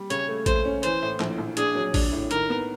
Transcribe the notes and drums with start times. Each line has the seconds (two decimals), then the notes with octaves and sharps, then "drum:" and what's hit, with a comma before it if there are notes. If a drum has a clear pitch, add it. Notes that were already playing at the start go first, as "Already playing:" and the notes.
Already playing: G3
0.10 C#3 C#5, drum: hi-hat
0.28 A3
0.46 A3 C5, drum: kick A1, hi-hat
0.65 C#4
0.83 E3 C5, drum: hi-hat
1.02 A2
1.20 A#1, drum: clap
1.38 A#1
1.57 D4 G#4, drum: hi-hat
1.75 F#3
1.94 D4, drum: kick A1, open hi-hat
2.12 A2
2.31 D#3 A#4, drum: hi-hat
2.49 B3